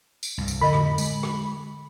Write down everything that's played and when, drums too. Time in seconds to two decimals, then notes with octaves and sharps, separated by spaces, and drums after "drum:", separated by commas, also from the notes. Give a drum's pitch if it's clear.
0.23 drum: tambourine
0.38 C2 G2
0.48 drum: tambourine
0.61 F2 A2 D3 D#5 B5
0.73 drum: rim click
0.98 G#3, drum: tambourine
1.23 drum: rim click